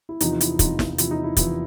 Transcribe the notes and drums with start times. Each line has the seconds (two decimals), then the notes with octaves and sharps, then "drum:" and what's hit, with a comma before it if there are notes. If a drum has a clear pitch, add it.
0.09 E4
0.20 E2 C3 F3 D#4, drum: hi-hat
0.41 E4, drum: hi-hat
0.59 E2 C3 F3 D#4 F4, drum: kick, hi-hat
0.79 drum: snare
0.98 E2 C3 F3 E4, drum: hi-hat
1.11 D#4
1.24 E4
1.37 E2 C3 F3 E4, drum: kick, hi-hat